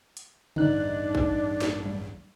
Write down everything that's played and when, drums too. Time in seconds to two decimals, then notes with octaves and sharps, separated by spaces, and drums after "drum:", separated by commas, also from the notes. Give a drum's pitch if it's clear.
0.17 drum: hi-hat
0.56 A1 E2 G2 D4 D#4 F#6, drum: tom C#3
1.15 drum: kick
1.61 drum: snare
1.85 drum: tom F#3